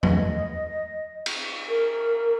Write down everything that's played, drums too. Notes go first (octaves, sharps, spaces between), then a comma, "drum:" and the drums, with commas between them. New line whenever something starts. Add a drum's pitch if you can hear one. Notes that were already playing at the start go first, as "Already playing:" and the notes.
D#5, drum: tom F2
drum: cymbal
A#4